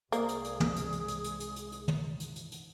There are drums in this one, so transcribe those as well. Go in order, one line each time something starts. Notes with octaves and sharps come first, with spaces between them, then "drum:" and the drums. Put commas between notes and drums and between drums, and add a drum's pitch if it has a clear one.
C2 G#3 A#3 G#4 C5 D5, drum: hi-hat
drum: hi-hat
drum: hi-hat
drum: tom
drum: hi-hat
drum: hi-hat
drum: hi-hat
drum: hi-hat
drum: hi-hat
drum: hi-hat
drum: hi-hat
drum: tom
drum: hi-hat
drum: hi-hat
drum: hi-hat